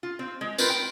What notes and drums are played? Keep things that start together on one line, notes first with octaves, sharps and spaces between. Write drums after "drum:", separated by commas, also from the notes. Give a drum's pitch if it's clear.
F4
C4
G#3
C4 F4 A#4 B4, drum: tambourine
G5